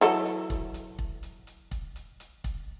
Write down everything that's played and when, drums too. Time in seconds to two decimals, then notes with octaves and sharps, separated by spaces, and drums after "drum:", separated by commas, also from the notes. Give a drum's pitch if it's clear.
0.01 E3 F#3 A4, drum: hi-hat
0.26 drum: hi-hat
0.50 drum: kick, hi-hat
0.74 drum: hi-hat
0.99 drum: kick
1.23 drum: hi-hat
1.47 drum: hi-hat
1.71 drum: kick, hi-hat
1.96 drum: hi-hat
2.20 drum: hi-hat
2.44 drum: kick, hi-hat